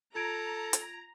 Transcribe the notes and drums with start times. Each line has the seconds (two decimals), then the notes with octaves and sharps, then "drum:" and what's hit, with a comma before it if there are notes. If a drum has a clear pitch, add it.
0.15 F4 A4 A#5 G#6 D7
0.73 drum: hi-hat